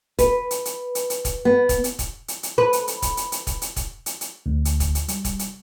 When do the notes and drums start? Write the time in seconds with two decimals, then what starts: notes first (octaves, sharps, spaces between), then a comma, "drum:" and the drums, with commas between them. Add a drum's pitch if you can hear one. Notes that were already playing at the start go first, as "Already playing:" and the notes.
0.19 B4, drum: kick, hi-hat
0.51 drum: hi-hat
0.65 drum: hi-hat
0.95 drum: hi-hat
1.10 drum: hi-hat
1.25 drum: kick, hi-hat
1.45 B3
1.69 drum: kick, hi-hat
1.84 drum: hi-hat
1.99 drum: kick, hi-hat
2.28 drum: hi-hat
2.43 drum: hi-hat
2.58 B4
2.73 drum: hi-hat
2.88 drum: hi-hat
3.02 drum: kick, hi-hat
3.17 drum: hi-hat
3.32 drum: hi-hat
3.47 drum: kick, hi-hat
3.62 drum: hi-hat
3.76 drum: kick, hi-hat
4.06 drum: hi-hat
4.21 drum: hi-hat
4.46 D2
4.65 drum: hi-hat
4.80 drum: kick, hi-hat
4.95 drum: hi-hat
5.08 G3, drum: hi-hat
5.24 drum: kick, hi-hat
5.39 drum: hi-hat